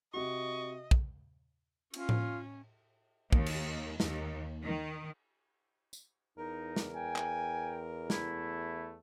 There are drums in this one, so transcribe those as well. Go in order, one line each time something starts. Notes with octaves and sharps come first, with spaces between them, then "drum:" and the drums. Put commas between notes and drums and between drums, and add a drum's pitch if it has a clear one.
C3 F#4 D#5 C#6
drum: kick
C#4 F4, drum: cymbal
drum: tom A2
D#2, drum: kick
drum: cymbal
D#2, drum: snare
D#3
drum: tambourine
E2 D#4 A#4
drum: snare
G5 G#5
drum: clap
A3 E4, drum: snare